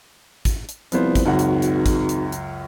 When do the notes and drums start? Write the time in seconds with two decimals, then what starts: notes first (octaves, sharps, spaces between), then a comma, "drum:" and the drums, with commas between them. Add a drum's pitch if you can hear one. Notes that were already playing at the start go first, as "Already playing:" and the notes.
0.45 drum: kick, hi-hat
0.69 drum: hi-hat
0.92 C2 F3 B3 C5, drum: hi-hat
1.15 drum: kick, hi-hat
1.25 G#1 C#2 F#2 F#5
1.39 drum: hi-hat
1.62 drum: hi-hat
1.86 drum: kick, hi-hat
2.09 drum: hi-hat
2.32 drum: hi-hat